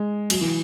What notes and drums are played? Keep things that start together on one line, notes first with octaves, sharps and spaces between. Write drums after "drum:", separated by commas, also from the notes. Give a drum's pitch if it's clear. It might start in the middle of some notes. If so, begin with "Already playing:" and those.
Already playing: G#3
F#3, drum: cymbal
E3